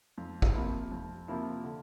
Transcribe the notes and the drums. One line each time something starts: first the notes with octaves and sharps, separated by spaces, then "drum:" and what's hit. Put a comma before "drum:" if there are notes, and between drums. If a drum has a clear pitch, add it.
F2
drum: kick
C3 F3 A#3 E4
F2
C3 F3 A#3 E4
D3